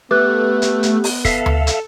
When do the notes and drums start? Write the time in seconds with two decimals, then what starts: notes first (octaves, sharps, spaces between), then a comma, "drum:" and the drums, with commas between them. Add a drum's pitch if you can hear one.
0.11 A3 B3 G4 B4 F#6
0.62 drum: hi-hat
0.83 drum: hi-hat
1.04 drum: open hi-hat
1.25 A4 E5 F5, drum: kick, hi-hat
1.46 drum: tom D2
1.67 drum: hi-hat